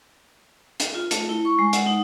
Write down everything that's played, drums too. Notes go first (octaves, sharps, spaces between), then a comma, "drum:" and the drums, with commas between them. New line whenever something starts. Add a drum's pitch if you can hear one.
drum: hi-hat
F4
A3, drum: hi-hat
E4
C#6
G#3
F#5, drum: hi-hat
D#4